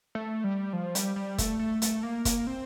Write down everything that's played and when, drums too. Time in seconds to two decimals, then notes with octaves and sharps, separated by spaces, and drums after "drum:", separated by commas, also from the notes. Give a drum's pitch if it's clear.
0.15 A3
0.44 G3
0.73 F3
0.95 G3, drum: hi-hat
1.16 G3
1.38 A3, drum: kick, hi-hat
1.59 A3
1.82 A3, drum: hi-hat
2.03 A#3
2.25 A#3, drum: kick, hi-hat
2.47 C4